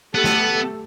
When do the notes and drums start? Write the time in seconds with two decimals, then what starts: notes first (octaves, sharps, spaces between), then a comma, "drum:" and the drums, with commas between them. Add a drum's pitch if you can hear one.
0.15 A3 B3 G4 A4
0.24 drum: snare